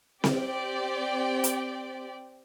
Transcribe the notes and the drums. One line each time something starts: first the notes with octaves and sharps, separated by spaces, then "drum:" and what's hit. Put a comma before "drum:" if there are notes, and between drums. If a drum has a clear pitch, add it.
C4 G4 D5 G5, drum: snare C4
drum: hi-hat